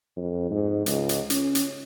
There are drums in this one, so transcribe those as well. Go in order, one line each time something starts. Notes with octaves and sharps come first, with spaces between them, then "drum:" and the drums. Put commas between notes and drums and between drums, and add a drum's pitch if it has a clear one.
F2
G#2
C#2, drum: hi-hat
drum: hi-hat
C#4, drum: hi-hat
drum: hi-hat